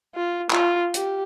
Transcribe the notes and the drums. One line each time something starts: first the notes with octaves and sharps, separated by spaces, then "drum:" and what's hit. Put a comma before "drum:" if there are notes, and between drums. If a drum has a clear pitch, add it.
F4
F4, drum: clap
G4, drum: hi-hat